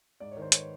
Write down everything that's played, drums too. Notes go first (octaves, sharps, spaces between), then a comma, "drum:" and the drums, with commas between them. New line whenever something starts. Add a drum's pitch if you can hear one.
G#2 D5
C#5
D#3
C5
B4 C#5, drum: hi-hat